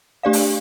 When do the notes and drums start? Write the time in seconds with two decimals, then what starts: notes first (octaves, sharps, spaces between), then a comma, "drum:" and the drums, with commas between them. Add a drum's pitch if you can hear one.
0.23 A3 D4 G4 D5 F5
0.33 drum: open hi-hat